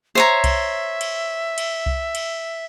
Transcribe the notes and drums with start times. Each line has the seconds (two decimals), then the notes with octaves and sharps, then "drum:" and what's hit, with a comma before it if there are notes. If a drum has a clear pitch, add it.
0.15 C5 C#5 E5 A#5
0.44 drum: kick C2, cymbal
1.01 drum: cymbal
1.58 drum: cymbal
1.86 drum: kick C2
2.15 drum: cymbal